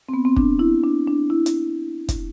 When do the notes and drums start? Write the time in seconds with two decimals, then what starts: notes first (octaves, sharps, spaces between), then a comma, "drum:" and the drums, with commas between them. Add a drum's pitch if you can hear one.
0.09 C4
0.14 B3
0.25 C4
0.36 D4, drum: kick
0.59 E4
0.83 D4
1.07 D4
1.30 E4
1.46 drum: hi-hat
2.08 drum: kick, hi-hat